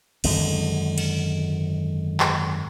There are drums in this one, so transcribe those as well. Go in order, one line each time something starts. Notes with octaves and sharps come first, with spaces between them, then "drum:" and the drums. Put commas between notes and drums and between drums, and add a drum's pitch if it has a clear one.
G#1 F#2 D3 G#3, drum: cymbal
drum: cymbal
drum: clap